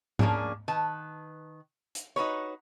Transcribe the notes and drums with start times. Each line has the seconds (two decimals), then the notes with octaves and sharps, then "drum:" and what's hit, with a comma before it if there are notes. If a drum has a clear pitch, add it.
0.19 F3 A#3 C#4 D4 G#4, drum: tom G#2
0.68 D#3 B4 A5
1.95 drum: hi-hat
2.16 D#4 F#4 B4 C#5